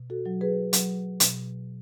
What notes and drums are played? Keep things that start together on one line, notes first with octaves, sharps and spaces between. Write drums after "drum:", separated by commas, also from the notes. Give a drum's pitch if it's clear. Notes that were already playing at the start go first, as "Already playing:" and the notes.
Already playing: B2
F#4 A4
F#3
G#4 B4
F#3, drum: hi-hat
B2, drum: hi-hat